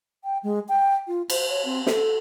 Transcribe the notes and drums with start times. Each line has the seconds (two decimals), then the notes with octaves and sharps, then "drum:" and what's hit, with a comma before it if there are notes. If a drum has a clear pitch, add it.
0.24 G5
0.43 G#3
0.69 G5
1.07 F4
1.30 C5, drum: cymbal
1.49 C#5
1.65 C4
1.87 A4, drum: snare